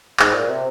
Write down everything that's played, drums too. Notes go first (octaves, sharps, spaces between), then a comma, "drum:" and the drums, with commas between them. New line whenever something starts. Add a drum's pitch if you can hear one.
G#2, drum: clap
A#2
C3